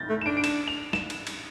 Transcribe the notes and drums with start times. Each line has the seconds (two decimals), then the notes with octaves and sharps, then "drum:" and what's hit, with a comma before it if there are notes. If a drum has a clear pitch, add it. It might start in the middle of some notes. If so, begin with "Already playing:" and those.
Already playing: F6 G6 A6 A#6
0.09 A3
0.21 E7
0.26 D4 D7
0.37 D7
0.44 E7, drum: cymbal
0.68 F7
0.93 E7, drum: snare
1.10 drum: cymbal
1.27 drum: cymbal